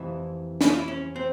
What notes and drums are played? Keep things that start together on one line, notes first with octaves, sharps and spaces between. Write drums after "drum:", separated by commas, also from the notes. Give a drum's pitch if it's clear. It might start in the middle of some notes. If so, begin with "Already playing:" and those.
Already playing: F2 C3 E3 E4
E4, drum: snare
F4
E4
C#4
C4